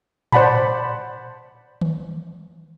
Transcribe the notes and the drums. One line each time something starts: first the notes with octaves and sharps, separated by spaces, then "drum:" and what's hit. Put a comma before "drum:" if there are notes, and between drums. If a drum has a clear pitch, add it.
C5 D5 F#5 A5 B5, drum: tom A2
drum: tom D#3